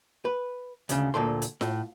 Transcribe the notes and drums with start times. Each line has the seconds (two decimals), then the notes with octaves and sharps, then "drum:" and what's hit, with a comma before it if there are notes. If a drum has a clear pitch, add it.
0.25 B4
0.89 D2 C#3, drum: hi-hat
1.14 D2 A#2 A4 C6
1.42 drum: hi-hat
1.61 A2, drum: snare F4